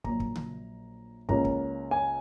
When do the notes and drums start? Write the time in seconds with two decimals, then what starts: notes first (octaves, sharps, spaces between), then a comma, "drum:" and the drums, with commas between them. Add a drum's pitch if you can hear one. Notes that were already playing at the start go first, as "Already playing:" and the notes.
0.04 A#1 A#2 F#3 A#5, drum: kick
0.20 drum: kick
0.35 drum: tom C#3
1.29 C#2 C#3 A#3 C#4 A#5, drum: kick
1.45 drum: kick
1.91 G#5